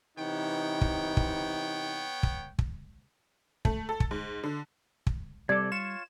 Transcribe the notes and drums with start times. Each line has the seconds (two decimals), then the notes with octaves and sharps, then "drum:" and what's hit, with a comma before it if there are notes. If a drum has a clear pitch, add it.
0.18 C3 E3 B3 D#4 C#5 G5
0.81 drum: kick
1.17 drum: kick
2.23 drum: kick
2.59 drum: kick
3.65 A3, drum: kick
3.89 A4
4.00 drum: kick
4.11 G#2
4.44 D3
5.07 drum: kick
5.49 C3 G3 A4 D5 G#6
5.72 F4 C#5 E7